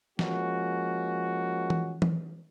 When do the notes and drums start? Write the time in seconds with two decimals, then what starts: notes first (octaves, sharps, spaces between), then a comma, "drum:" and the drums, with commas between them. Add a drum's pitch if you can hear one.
0.19 F3 G#3 A#3 C#4 F#4, drum: snare
1.70 drum: tom E3
2.02 drum: tom E3